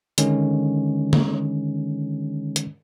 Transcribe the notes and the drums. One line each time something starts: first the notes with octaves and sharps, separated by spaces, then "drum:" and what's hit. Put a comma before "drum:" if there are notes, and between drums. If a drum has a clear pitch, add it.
D3 D#3 G#3 C#4, drum: hi-hat
drum: tom
drum: hi-hat